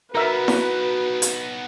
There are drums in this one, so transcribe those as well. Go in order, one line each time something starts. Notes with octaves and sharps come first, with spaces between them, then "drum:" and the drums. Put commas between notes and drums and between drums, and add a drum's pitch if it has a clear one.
B3 D#4 F#4 A#4 B4 E5
drum: snare E4
drum: hi-hat